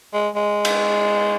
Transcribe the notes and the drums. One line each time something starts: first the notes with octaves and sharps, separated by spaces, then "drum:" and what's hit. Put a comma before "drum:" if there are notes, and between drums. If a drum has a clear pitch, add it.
G#3
G#3
drum: cymbal